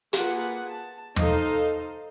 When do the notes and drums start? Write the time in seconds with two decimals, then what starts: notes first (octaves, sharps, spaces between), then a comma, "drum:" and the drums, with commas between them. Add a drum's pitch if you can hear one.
0.13 A#3 F4 G#4 B4 F#5, drum: hi-hat
0.71 A5
1.16 D#4 A4 C5 D#5 F5, drum: tom